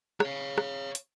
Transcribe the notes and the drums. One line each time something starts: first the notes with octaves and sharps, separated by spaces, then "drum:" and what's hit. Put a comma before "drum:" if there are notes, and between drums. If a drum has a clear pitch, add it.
C#5 F5, drum: rim click
drum: rim click
drum: hi-hat